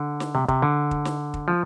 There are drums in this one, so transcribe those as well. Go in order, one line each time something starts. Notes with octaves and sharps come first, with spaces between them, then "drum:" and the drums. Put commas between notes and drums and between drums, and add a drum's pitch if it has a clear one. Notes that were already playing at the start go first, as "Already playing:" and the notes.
Already playing: D3
drum: snare
C3
C3, drum: kick
D3
drum: kick
drum: snare
drum: kick
F3